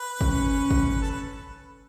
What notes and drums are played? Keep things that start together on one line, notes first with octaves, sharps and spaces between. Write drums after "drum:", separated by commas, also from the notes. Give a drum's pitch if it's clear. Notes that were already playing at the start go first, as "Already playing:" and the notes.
Already playing: B4
C#4, drum: kick
drum: kick
A4
B4